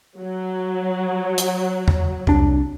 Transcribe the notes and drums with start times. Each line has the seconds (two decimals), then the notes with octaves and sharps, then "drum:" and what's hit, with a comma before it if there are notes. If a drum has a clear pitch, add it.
0.20 F#3
1.38 drum: hi-hat
1.88 drum: tom E2
2.27 C2 D4, drum: tom E2